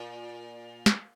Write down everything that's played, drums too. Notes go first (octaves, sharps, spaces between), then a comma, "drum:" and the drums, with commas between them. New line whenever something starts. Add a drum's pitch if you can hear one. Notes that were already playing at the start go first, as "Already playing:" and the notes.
Already playing: A#2
drum: snare